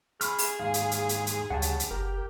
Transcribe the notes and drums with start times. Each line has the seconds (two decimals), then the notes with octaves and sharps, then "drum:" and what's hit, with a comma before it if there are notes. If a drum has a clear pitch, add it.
0.21 G#4 B5 C#6 F6, drum: hi-hat
0.38 drum: open hi-hat
0.59 D#2 G#2 F5
0.74 drum: hi-hat
0.91 drum: hi-hat
1.09 drum: hi-hat
1.27 drum: hi-hat
1.50 D2 C#3 G3 F#5 A5
1.62 drum: hi-hat
1.80 drum: hi-hat
1.91 F#1 G4 A#4